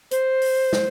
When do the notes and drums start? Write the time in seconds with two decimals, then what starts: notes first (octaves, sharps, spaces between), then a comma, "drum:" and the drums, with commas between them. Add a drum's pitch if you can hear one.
0.11 C5, drum: hi-hat
0.42 drum: open hi-hat
0.73 drum: snare